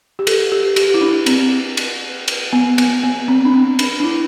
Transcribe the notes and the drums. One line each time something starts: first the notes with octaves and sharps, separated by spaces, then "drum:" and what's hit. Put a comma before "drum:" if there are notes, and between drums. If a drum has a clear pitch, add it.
G4
A4, drum: cymbal
G4
G4, drum: cymbal
E4
D4
C4, drum: cymbal
drum: cymbal
drum: cymbal
B3
B3, drum: cymbal
B3
C4
D4
C4
D4, drum: cymbal
D4
E4